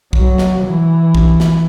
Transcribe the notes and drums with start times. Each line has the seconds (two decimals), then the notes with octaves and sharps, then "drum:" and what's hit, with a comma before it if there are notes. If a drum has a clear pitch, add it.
0.13 F#3, drum: kick B1
0.38 drum: snare
0.64 E3
1.15 drum: kick B1
1.40 drum: snare